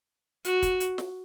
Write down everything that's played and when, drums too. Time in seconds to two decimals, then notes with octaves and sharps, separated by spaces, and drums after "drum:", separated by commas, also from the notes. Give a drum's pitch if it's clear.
0.45 F#4, drum: hi-hat
0.62 drum: kick, hi-hat
0.80 drum: hi-hat
0.98 drum: snare